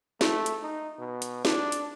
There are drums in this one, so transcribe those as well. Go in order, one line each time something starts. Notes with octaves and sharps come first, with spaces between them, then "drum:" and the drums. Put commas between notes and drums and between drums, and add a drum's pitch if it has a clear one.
A3, drum: snare
drum: hi-hat
D#4
B2
drum: hi-hat
D4, drum: snare
drum: hi-hat